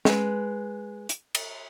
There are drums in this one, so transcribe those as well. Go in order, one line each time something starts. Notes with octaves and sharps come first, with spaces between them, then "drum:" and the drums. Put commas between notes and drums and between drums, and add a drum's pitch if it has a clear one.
G#3 B4, drum: snare
drum: hi-hat
drum: cymbal